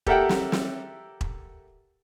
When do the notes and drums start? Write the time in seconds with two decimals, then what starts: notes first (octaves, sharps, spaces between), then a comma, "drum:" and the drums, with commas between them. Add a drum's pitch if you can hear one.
0.06 G4 A4 A#4 E5 F#5 G5, drum: kick E1
0.29 drum: snare
0.52 drum: snare
1.21 drum: kick E1